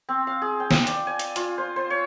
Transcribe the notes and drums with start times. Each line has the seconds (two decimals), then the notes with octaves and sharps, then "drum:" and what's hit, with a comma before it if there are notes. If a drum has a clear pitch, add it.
0.09 C4
0.27 F5
0.42 G#4
0.60 G5
0.71 drum: snare
0.87 D5, drum: hi-hat
1.07 G#5
1.19 drum: hi-hat
1.36 F4, drum: hi-hat
1.58 C5
1.76 C5
1.90 C#5